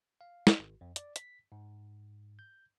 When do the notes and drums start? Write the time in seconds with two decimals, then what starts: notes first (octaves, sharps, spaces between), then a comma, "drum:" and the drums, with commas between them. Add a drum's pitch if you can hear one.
0.21 F5
0.47 drum: snare
0.59 G#1
0.81 F2
0.96 D5, drum: hi-hat
1.16 B6, drum: hi-hat
1.52 G#2
2.39 G6